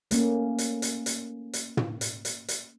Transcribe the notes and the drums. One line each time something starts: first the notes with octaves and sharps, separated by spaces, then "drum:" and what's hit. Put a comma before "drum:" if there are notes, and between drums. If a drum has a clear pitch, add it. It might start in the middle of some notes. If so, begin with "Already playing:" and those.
A3 A#3 C#4, drum: hi-hat
drum: hi-hat
drum: hi-hat
drum: hi-hat
drum: hi-hat
drum: tom
drum: hi-hat
drum: hi-hat
drum: hi-hat